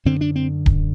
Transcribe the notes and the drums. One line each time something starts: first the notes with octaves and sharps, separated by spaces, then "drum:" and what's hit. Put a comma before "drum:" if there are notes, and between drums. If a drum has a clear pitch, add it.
F#2 D3 C4
D4
C4
drum: kick D1